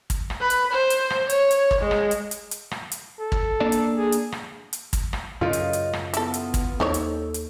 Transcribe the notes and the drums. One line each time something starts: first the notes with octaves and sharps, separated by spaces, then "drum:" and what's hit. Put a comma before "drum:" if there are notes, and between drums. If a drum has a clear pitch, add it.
drum: kick, hi-hat
drum: rim click
B4
drum: hi-hat
C5
drum: hi-hat
drum: rim click
C#5, drum: hi-hat
drum: hi-hat
drum: kick
G#3
drum: rim click
drum: hi-hat
drum: hi-hat
drum: hi-hat
drum: rim click
drum: hi-hat
A4
drum: kick
A#3 D4 D5
drum: hi-hat
G#4
drum: hi-hat
drum: rim click
drum: hi-hat
drum: kick, hi-hat
drum: rim click
F#2 C#3 F4 D#5
drum: hi-hat
drum: hi-hat
drum: rim click
B3 E4 A4, drum: hi-hat
drum: hi-hat
drum: kick, hi-hat
D#2 D#4 A4 C5 C#5
drum: hi-hat
drum: hi-hat